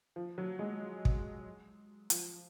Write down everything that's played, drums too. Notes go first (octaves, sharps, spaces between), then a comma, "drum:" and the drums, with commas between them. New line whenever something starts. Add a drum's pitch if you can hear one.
F3
F#3
G#3
drum: kick
F3, drum: hi-hat